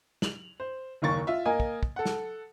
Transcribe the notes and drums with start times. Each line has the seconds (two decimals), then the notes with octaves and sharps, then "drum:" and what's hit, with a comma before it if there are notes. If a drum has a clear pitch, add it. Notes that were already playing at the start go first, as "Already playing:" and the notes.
0.22 F7 F#7, drum: snare
0.60 C5
1.02 F#1 D#2 A#3 C#6 A6
1.27 F4 E5
1.45 A#3 A#4 D#5 G#5
1.60 drum: kick
1.83 drum: kick
1.96 A4 F#5
2.06 drum: snare